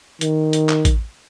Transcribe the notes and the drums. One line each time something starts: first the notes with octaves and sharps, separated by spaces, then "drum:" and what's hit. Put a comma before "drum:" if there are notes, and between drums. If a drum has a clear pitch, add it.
D#3, drum: hi-hat
drum: hi-hat
drum: clap
drum: kick A1, hi-hat